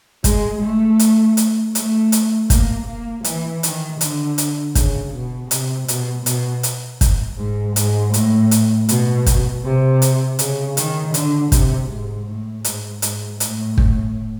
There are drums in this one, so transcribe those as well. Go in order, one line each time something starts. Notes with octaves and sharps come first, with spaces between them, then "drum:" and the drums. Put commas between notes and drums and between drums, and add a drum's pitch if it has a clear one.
G#3, drum: kick, hi-hat
A3
drum: hi-hat
drum: hi-hat
A3, drum: hi-hat
drum: hi-hat
A#3, drum: kick, hi-hat
A#3
E3, drum: hi-hat
D#3, drum: hi-hat
D3, drum: hi-hat
drum: hi-hat
C#3, drum: kick, hi-hat
B2
C3, drum: hi-hat
B2, drum: hi-hat
B2, drum: hi-hat
drum: hi-hat
drum: kick, hi-hat
G#2
G#2, drum: hi-hat
A2, drum: hi-hat
drum: hi-hat
B2, drum: hi-hat
drum: kick, hi-hat
C3
drum: hi-hat
C#3, drum: hi-hat
D#3, drum: hi-hat
D3, drum: hi-hat
C3, drum: kick, hi-hat
G#2
A2
G#2, drum: hi-hat
G#2, drum: hi-hat
A2, drum: hi-hat
drum: kick